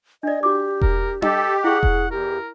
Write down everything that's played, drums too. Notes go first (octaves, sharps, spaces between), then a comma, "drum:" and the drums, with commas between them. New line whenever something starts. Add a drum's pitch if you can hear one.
D4 D5 D#5
F#4 G4 D6
A#4, drum: kick E1
G4 A4 D#5, drum: tom D4
E4 G#4 F5 F#5 C#6
drum: kick E1
E2 G4 A#4